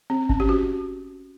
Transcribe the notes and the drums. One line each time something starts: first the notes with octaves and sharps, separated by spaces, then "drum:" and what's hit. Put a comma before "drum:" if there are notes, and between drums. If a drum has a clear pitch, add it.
C4
C#4, drum: kick G1
G4
F#4